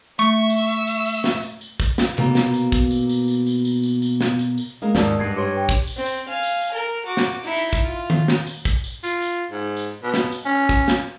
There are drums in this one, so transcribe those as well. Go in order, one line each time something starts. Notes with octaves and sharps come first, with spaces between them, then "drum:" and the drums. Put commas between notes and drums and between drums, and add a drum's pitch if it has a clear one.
A3 E5 C#6
drum: tambourine
drum: tambourine
drum: tambourine
drum: tambourine
drum: snare
drum: tambourine
drum: tambourine
drum: kick, tambourine
drum: snare
B2 A#3, drum: tom C3
drum: snare
drum: tambourine
drum: kick, tambourine
drum: tambourine
drum: tambourine
drum: tambourine
drum: tambourine
drum: tambourine
drum: tambourine
drum: tambourine
drum: snare
drum: tambourine
drum: tambourine
G#3 A#3 A#4
D#2 G#2 A#4 D5 A5, drum: snare
G2 G#6 C7
G4 B4 C#5 C6
G5
drum: kick, tambourine
drum: tambourine
C4
drum: tambourine
F5 G#5
drum: tambourine
drum: tambourine
A#4
F#4 D6
drum: snare
D#4 E4
drum: tambourine
drum: kick, tambourine
F4
drum: tom D#3
drum: snare
drum: tambourine
drum: kick, tambourine
drum: tambourine
F4, drum: tambourine
drum: tambourine
G#2
drum: tambourine
B2
drum: snare
drum: tambourine
C#4
drum: kick, tambourine
drum: snare